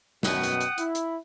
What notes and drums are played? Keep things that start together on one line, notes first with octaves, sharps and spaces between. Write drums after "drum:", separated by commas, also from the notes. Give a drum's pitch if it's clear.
F#2 B2 F#5 G5 D#6, drum: snare
drum: hi-hat
drum: hi-hat
E4, drum: hi-hat
drum: hi-hat